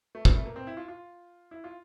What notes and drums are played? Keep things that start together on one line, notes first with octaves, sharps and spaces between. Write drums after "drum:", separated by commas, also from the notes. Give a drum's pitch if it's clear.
A3
G3, drum: kick
A3
A#3
C4
E4
F4
F4
E4
F4